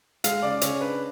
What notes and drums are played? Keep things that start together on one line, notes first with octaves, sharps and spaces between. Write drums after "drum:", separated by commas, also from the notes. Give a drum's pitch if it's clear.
G#3 F5, drum: hi-hat
C#3 D5
C#3 C#5, drum: hi-hat
D4 B4